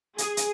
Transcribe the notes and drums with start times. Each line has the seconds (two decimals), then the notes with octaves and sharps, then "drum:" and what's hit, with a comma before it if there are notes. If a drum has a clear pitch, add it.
0.18 G#4, drum: hi-hat
0.37 drum: hi-hat